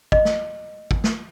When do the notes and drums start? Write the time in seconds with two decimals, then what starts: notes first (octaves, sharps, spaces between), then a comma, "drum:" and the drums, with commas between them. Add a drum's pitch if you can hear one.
0.12 D#5, drum: kick
0.25 drum: snare
0.91 drum: kick
1.04 drum: snare